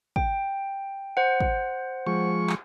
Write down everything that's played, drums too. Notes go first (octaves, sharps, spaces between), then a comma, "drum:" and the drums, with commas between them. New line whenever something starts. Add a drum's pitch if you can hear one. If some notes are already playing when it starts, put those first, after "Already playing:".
G5, drum: kick
C5 F#5
drum: kick
F3 G#3 C#6
drum: clap